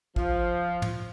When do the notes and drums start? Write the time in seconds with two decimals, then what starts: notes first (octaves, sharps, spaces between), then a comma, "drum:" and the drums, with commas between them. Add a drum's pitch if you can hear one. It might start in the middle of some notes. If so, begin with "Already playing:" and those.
0.16 F3, drum: kick
0.82 drum: tom